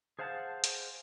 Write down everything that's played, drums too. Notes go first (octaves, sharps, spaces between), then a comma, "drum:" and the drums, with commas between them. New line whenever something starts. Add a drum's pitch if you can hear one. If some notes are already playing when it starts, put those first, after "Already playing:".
G#4 C5 F5 F#5 A5
drum: hi-hat